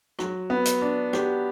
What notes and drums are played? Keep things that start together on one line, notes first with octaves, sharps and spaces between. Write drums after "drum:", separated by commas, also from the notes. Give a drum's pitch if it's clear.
F#3, drum: rim click
B3
drum: hi-hat
D4
G4, drum: rim click